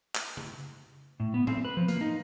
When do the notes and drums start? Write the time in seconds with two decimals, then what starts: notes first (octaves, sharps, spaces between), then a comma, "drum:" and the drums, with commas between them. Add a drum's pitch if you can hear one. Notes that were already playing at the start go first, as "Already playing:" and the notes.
0.15 drum: clap
0.37 drum: tom C#3
1.20 A2
1.34 B3
1.47 C4, drum: tom A2
1.65 B4
1.77 F3
1.88 A#3, drum: hi-hat
2.01 D#4